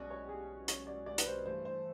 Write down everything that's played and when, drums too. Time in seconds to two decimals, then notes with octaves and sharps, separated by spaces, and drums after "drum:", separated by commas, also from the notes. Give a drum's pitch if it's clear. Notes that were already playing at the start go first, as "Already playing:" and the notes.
Already playing: B1 B2 G#3 C#4 F#4 D5
0.11 C#5
0.25 G4
0.29 G#4
0.68 C#5, drum: hi-hat
0.87 D5
1.06 D5
1.18 B4, drum: hi-hat
1.27 C5
1.45 G2 E3 A3 C5
1.65 C5